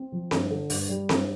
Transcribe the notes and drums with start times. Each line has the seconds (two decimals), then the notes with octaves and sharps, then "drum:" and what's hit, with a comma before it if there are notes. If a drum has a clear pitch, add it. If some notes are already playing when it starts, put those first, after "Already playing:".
Already playing: C4
0.12 F3
0.31 G2, drum: snare C4
0.50 D3
0.70 G2, drum: open hi-hat
0.89 G3
1.09 G2, drum: snare C4